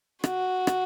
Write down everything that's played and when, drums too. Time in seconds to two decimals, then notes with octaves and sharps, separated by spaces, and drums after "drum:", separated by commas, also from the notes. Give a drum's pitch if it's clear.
0.24 F#4, drum: rim click
0.67 drum: rim click